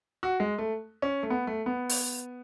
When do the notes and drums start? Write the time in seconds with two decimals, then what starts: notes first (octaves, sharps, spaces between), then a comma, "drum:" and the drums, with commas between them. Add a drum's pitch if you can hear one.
0.23 F#4
0.40 G#3
0.58 A3
1.02 C#4
1.23 A3
1.30 B3
1.47 A3
1.66 B3
1.90 drum: open hi-hat